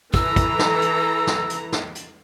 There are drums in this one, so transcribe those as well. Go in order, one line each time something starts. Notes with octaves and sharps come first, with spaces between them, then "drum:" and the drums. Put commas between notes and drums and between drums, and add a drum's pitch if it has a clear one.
E3 A4 A#5 E6, drum: kick
drum: kick, hi-hat
drum: snare
drum: hi-hat
drum: snare
drum: hi-hat
drum: snare
drum: hi-hat